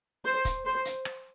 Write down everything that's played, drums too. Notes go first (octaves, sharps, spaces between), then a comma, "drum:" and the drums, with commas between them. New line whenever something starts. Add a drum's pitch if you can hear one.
C5
drum: kick, hi-hat
C5
drum: hi-hat
drum: rim click